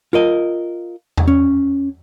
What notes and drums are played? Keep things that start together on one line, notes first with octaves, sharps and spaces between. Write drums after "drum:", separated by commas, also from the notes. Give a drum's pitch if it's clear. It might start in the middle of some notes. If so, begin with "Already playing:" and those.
F4 A#4 D#5
drum: tom E2
C#4